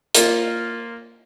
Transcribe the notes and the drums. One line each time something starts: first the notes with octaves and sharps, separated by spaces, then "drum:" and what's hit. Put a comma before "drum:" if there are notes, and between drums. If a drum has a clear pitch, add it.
A#3 F4, drum: hi-hat